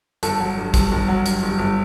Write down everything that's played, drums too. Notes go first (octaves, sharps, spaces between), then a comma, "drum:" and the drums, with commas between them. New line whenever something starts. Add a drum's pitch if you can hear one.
G1 A4, drum: hi-hat
F#3
G2
G1, drum: kick, hi-hat
G1
F#3
G2, drum: hi-hat
G1
G1